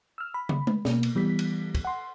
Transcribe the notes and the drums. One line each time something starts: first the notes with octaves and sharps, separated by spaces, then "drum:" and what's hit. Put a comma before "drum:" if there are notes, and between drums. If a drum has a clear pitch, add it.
E6 F6
B5
drum: tom
drum: tom G#3
B2 A#3, drum: snare
drum: cymbal
E3 G3 B3 B6
drum: cymbal
drum: kick, cymbal
F#5 C6